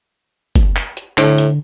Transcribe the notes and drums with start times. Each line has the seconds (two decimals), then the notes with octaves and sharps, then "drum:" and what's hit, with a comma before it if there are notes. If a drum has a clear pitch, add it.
0.56 drum: kick F#1, hi-hat
0.76 drum: clap
0.97 drum: hi-hat
1.18 A2 D3, drum: clap
1.38 drum: hi-hat